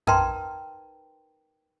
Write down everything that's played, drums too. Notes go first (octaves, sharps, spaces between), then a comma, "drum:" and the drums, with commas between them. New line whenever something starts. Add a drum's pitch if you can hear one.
D#4 A#4 B4 G5 A#5 C6, drum: tom F2